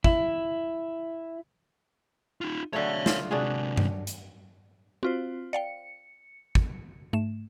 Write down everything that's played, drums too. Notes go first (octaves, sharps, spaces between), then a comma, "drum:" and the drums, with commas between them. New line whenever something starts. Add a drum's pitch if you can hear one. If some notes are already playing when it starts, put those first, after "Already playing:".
E4, drum: kick
D#4 F4
D3 F#3 A3 C#5 F5
F4, drum: snare
C3 G#3 D4 F#4 G#4
drum: tom G2
drum: hi-hat
C4 F4 F#4 C5
D5 F5 G5 C#7
drum: kick
G#2 A3 E7